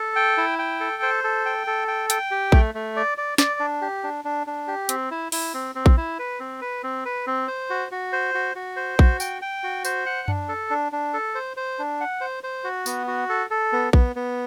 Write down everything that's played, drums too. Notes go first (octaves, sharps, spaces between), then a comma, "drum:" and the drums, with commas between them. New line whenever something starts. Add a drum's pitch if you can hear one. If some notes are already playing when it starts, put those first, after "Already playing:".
Already playing: A4
G5
E4
G5
A4
C5
A4
G5
A4
G5
G5, drum: hi-hat
G4
A3, drum: kick A#1
A3
D5
D5
D5, drum: snare
D4
G4
D4
D4
D4
G4
C4, drum: hi-hat
E4
E4, drum: open hi-hat
C4
C4
drum: kick A#1
E4
B4
C4
B4
C4
B4
C4
C5
F#4
F#4
C5
F#4
F#4
C5
F#4, drum: kick A#1
G5, drum: tambourine
G5
F#4
C5, drum: tambourine
F#5
D4, drum: tom F#2
A4
D4
D4
A4
C5
C5
D4
F#5
C5
C5
F#4
B3, drum: tambourine
F#4
A4
A4
B3
B3, drum: kick A#1
B3